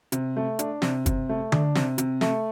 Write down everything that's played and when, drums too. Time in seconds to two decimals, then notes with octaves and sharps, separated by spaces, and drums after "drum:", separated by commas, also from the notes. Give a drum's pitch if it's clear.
0.12 C3, drum: hi-hat
0.36 A3
0.59 D4, drum: hi-hat
0.82 C3, drum: snare
1.06 C3, drum: kick, hi-hat
1.29 A3
1.52 D4, drum: tom D3
1.75 C3, drum: snare
1.98 C3, drum: hi-hat
2.21 A3, drum: snare